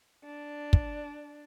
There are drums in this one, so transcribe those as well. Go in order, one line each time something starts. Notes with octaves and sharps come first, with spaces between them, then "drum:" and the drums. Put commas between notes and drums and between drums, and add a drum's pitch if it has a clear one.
D4
drum: kick